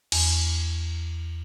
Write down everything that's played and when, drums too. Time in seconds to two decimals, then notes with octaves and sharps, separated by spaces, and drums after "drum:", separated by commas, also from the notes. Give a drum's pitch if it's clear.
0.12 E2, drum: cymbal